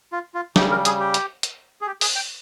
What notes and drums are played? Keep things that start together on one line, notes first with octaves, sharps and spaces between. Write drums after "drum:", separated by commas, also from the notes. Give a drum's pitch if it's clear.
F4
F4
C#3 G3 G4, drum: snare
A#4
G#4, drum: hi-hat
G4
drum: hi-hat
drum: hi-hat
G#4
G4
G#4, drum: open hi-hat
G5